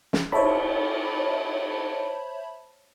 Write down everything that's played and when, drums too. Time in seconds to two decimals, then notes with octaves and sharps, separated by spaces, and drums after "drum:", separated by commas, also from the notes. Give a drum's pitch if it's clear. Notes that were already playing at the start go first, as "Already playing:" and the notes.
0.13 drum: snare
0.32 C5 C#5 E5 A5 B5, drum: cymbal